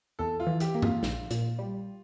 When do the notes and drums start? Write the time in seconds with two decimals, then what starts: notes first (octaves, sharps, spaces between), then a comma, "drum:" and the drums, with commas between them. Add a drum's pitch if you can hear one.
0.19 E2 A4
0.40 F4
0.47 E3
0.60 G4, drum: hi-hat
0.75 A#3
0.82 F4, drum: tom G2
1.03 A#1, drum: snare
1.31 A#2, drum: hi-hat
1.59 G3